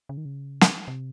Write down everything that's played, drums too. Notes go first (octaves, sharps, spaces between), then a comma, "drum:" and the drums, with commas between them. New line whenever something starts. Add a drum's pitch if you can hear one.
C#3
D#3
C#3
drum: snare
C3